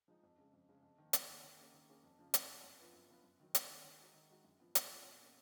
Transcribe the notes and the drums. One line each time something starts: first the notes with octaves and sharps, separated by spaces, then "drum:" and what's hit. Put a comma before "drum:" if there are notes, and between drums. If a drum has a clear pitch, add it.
F3 G#3 D#4
F2
C#3 G#3
F2
C#3 G#3
F2
D#3 A#3
F2, drum: hi-hat
D#3 A#3
D#3
A#3 C#4 G#4
D#3
A#3 C#4 G#4
F2
C#3 F3
F2, drum: hi-hat
C#3 F3
F#2
F3 B3 F4 B4
F#2
F3 B3 F4 B4
F#2
D#3 F#3
F#2, drum: hi-hat
D#3 F#3
D#3
G#3 D#4 F#4
D#3
G#3 D#4 F#4
F#2
F3 B3 F4
F#2, drum: hi-hat
F3 B3 F4
B2
A#3 C#4